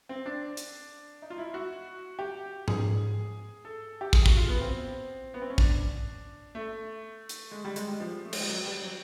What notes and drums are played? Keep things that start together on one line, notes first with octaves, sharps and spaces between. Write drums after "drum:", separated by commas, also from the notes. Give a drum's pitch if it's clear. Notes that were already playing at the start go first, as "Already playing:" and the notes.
C4
D4
drum: hi-hat
D#4
F4
E4
F#4
G4
G#4, drum: tom G#2
A4
G4
G#4, drum: kick
F#4, drum: kick
F4
B3
C4
B3
C4
C#4
D4, drum: kick
A3
drum: hi-hat
G#3
G3
G#3, drum: hi-hat
G3
F3
A3
G#3, drum: cymbal
G3
F#3
G3
F#3